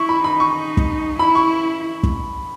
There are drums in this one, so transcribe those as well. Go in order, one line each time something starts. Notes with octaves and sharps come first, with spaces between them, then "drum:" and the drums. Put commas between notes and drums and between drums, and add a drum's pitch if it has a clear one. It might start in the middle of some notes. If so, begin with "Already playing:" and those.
Already playing: E4 C#6
B5
D#4 B5
C#6
drum: kick
E4 B5
C#6
drum: kick